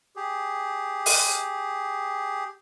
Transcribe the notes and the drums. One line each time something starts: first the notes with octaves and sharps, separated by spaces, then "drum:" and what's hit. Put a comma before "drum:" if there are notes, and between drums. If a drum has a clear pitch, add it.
G4 G#4
drum: open hi-hat